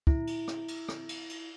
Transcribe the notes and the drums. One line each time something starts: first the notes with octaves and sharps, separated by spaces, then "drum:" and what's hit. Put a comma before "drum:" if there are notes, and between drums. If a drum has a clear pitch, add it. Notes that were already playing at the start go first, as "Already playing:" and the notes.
E4, drum: kick
drum: cymbal
drum: rim click
drum: cymbal
drum: rim click
drum: cymbal
drum: cymbal